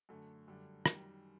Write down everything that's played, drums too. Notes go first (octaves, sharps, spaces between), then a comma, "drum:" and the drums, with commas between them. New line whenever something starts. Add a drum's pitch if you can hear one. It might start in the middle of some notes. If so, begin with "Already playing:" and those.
F#2 D3 A3
F#2 D3 G3 D4
F#2 D#3 G3, drum: rim click